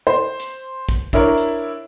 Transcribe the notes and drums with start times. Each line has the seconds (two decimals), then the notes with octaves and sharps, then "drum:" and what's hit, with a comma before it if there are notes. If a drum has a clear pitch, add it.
0.07 C5
0.40 drum: hi-hat
0.89 drum: kick, hi-hat
1.13 D4 E4 A#4 C#5, drum: kick
1.37 drum: hi-hat